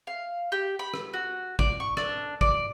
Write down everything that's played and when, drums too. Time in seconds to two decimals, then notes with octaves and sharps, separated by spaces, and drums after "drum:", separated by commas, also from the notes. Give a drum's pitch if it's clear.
0.07 F5
0.52 G4
0.79 B5
0.94 drum: rim click
1.14 F#4
1.59 D5, drum: kick G#1
1.80 C#6
1.97 D4, drum: rim click
2.41 D5, drum: kick G#1